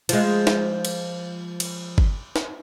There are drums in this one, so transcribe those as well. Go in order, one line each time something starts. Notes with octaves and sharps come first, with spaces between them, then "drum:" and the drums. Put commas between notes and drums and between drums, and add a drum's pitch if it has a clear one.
F3 G#3, drum: cymbal
drum: snare
drum: cymbal
drum: cymbal
drum: kick
drum: snare